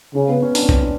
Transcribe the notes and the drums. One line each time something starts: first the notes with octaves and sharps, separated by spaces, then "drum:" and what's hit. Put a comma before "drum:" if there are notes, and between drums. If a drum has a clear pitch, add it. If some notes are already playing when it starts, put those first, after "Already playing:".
C#3 C#4
B3
C#4
D4, drum: open hi-hat
C4
C#4, drum: kick B1
D4